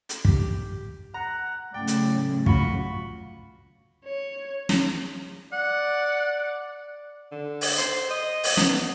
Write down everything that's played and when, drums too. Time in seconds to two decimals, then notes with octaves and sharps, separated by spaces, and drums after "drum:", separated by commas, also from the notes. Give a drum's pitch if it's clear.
0.09 drum: hi-hat
0.25 G4, drum: kick
1.14 F#5 A#5
1.74 A2 C#3 F#3 D5 G5
1.87 drum: hi-hat
2.46 F4 F#4 B5 C#6, drum: kick
4.04 C#5
4.69 drum: snare
5.53 D5 F#5
7.32 D3
7.61 drum: open hi-hat
7.78 C5, drum: hi-hat
8.11 D#5
8.44 drum: open hi-hat
8.57 B3, drum: snare